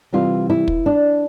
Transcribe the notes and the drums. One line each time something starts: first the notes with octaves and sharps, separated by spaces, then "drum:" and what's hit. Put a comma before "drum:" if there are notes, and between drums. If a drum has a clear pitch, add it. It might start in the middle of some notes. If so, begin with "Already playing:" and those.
C3 E3 G3 C4 F4
E4
drum: kick
D4